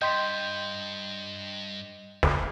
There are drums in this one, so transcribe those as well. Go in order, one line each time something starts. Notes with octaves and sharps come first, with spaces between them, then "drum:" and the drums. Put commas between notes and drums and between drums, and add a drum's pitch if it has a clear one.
G2 D#5 G5 C6 G6 B6
drum: snare